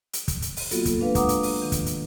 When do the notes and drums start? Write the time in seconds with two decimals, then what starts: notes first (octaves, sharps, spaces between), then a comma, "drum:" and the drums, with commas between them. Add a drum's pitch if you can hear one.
0.13 drum: hi-hat
0.28 drum: kick, hi-hat
0.42 drum: hi-hat
0.57 drum: open hi-hat
0.71 F#3 A#3 B3 F4 F#4 A4, drum: hi-hat
0.85 drum: kick, hi-hat
1.01 G#3 D4 B4 F5
1.15 F#5 A#5 D6 D#6, drum: kick, hi-hat
1.29 drum: hi-hat
1.43 drum: open hi-hat
1.62 D#3
1.72 drum: kick, hi-hat
1.86 drum: hi-hat